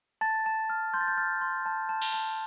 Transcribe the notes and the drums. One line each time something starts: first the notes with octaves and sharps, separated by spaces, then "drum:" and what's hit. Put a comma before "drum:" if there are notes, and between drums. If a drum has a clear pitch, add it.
A5 A6
A5
F6
C6 G6
A6
G6
F6 A6
C6
A5
A5
drum: cymbal
A5